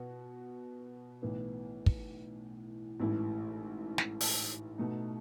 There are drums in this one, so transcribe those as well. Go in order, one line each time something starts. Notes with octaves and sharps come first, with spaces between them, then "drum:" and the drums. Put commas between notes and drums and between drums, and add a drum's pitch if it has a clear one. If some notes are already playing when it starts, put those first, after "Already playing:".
Already playing: B2 B3 F#4
B1 A2 E3 B3
drum: kick
A1 G#2 E3 A3 E4
drum: snare
drum: open hi-hat
B2 A3 D#4